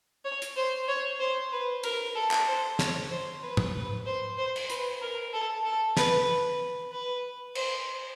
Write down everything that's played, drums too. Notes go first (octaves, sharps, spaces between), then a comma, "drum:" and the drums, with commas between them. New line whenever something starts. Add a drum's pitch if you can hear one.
C#5
drum: hi-hat
C5
C#5
C5
B4
A#4, drum: cymbal
A4
drum: clap
C5
C#5, drum: snare
C5
B4
drum: tom G#2
B4
C5
C5
drum: cymbal
B4, drum: hi-hat
A#4
A4
A4
B4, drum: snare
B4
C5, drum: cymbal